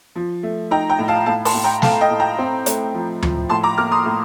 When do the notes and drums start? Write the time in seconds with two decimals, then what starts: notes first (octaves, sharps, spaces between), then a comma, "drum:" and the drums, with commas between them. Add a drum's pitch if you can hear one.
0.16 F3
0.43 A3
0.71 D#4 G5 A#5
0.90 G5 A#5
0.99 A2
1.08 F5 A5
1.26 A2 F5 A5
1.45 A5 C6, drum: open hi-hat
1.54 A2
1.64 G5 A#5
1.82 A3 F5 A5, drum: snare
2.01 D#5 G5
2.10 A2
2.20 G5 A#5
2.38 C4
2.66 A3, drum: hi-hat
2.94 F3
3.22 F3, drum: tom D2
3.49 A2 A5 C6
3.63 A#5 D6
3.78 A#3 D6 F6
3.92 C6 D#6
4.06 A2